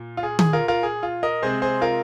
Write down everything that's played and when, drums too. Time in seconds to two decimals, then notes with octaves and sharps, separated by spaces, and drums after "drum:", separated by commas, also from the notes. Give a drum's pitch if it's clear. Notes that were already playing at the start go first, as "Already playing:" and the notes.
Already playing: A#2
0.17 F4
0.23 G#4
0.39 G#4, drum: tom D#3
0.53 F4 A#4
0.68 F4 A#4
0.83 G#4
1.03 F4
1.23 A#4 D#5
1.42 C3 G#3 C4 G#4 C5
1.62 G#4 C5
1.82 F4 A#4